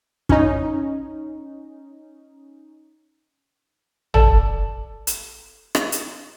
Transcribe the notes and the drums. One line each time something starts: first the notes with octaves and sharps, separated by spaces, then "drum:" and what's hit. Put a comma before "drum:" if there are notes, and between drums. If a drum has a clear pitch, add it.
C#4 D#4, drum: kick
A4 D5 A5, drum: tom
drum: hi-hat
drum: rim click
drum: hi-hat